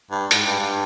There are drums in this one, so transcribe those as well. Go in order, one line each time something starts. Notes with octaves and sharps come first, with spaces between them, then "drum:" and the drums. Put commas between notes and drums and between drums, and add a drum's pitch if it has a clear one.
G2
G#2, drum: hi-hat
G2
G2